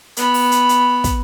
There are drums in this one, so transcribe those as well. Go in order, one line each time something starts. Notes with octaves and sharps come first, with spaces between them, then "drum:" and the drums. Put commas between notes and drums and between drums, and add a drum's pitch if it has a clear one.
B3 B5, drum: hi-hat
drum: open hi-hat
drum: hi-hat
drum: hi-hat
drum: kick, hi-hat